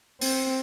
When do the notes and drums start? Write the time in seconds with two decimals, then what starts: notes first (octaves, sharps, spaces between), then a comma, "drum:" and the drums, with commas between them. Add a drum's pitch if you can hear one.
0.21 C4, drum: open hi-hat